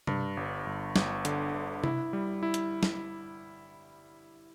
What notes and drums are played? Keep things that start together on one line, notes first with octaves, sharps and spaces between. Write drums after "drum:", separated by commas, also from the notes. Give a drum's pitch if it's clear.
G2, drum: tom C3
G1
G1
G1, drum: snare
D3, drum: hi-hat
G1
E4, drum: tom C3
G3
E4
drum: hi-hat
drum: snare